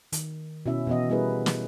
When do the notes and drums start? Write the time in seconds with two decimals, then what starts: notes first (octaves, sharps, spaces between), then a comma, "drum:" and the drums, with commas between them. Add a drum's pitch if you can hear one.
0.12 D#3, drum: hi-hat
0.66 B2 C#4 E4 E5
0.87 B2 E3 B3 F#4 D#5
1.09 G3 B3 E4 G#4 A#4 B4
1.46 drum: snare